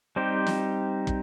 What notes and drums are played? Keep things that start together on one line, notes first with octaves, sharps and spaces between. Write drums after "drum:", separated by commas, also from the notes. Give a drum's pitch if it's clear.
G3 C4 D#4 G4 C5
drum: snare
drum: kick